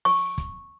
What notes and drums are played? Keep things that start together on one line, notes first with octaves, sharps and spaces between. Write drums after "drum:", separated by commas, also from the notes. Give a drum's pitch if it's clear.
C#6, drum: open hi-hat
drum: kick, hi-hat